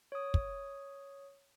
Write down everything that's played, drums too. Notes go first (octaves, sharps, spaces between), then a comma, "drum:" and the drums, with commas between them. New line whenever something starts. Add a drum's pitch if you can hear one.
C#5 D#6
drum: kick